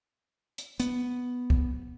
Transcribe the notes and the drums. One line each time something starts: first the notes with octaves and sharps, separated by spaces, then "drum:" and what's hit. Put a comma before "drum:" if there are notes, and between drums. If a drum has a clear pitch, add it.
drum: hi-hat
B3, drum: hi-hat
drum: kick C2